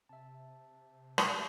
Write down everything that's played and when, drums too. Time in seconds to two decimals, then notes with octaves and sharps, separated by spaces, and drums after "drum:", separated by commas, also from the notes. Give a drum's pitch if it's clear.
0.09 C3 E5 A5
1.18 drum: rim click